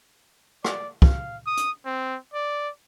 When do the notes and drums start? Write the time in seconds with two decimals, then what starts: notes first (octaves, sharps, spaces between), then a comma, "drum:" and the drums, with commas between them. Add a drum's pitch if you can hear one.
0.65 D5, drum: rim click
1.02 F5, drum: kick
1.47 D#6
1.57 drum: hi-hat
1.85 C4
2.34 D5